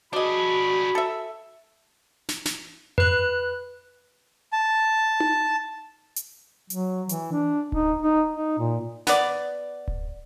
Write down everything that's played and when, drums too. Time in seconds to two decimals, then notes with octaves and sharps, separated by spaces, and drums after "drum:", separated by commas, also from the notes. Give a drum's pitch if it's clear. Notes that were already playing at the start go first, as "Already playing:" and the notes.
0.13 D4 F#4 G#4 D5 D#5 B5
0.95 A4 E5
2.29 drum: snare
2.45 drum: snare
2.98 B4 F#6, drum: tom F2
4.53 A5
5.20 drum: tom D#4
6.16 drum: hi-hat
6.70 F#3, drum: hi-hat
7.09 E3, drum: hi-hat
7.32 D4
7.72 D#4, drum: kick D1
8.02 D#4
8.33 D#4
8.58 A#2
9.07 B3 D5, drum: snare
9.88 drum: kick D1